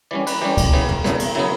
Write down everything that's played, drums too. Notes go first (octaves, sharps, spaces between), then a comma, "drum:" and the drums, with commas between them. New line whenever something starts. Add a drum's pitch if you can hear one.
E3 G3 C#4 D5
B4, drum: cymbal
E3 G3 C#4 G4
drum: kick C#2, cymbal
C#3 E3 B3
drum: tom
C#3 E3 B3, drum: snare
drum: cymbal
C#3 F#3 B3 E4